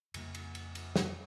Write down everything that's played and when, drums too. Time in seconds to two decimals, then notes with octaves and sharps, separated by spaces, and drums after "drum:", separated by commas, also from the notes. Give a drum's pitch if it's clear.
0.14 F2 C#3 G3 A#3, drum: cymbal
0.35 drum: cymbal
0.55 drum: cymbal
0.75 drum: cymbal
0.96 drum: snare